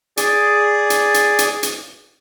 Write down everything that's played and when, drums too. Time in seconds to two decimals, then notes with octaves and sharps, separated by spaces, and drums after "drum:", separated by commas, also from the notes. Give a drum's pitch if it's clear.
0.17 G#4 D5, drum: hi-hat
0.90 drum: hi-hat
1.14 drum: hi-hat
1.39 drum: hi-hat
1.63 drum: hi-hat